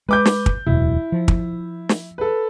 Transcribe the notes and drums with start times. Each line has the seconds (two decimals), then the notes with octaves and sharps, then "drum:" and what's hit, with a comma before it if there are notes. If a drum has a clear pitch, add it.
0.09 G#3 B4 D6 G6
0.25 drum: snare
0.46 drum: kick
0.66 D1 E2 B2 E4
1.12 F3
1.28 drum: kick
1.89 drum: snare
2.18 A4 B4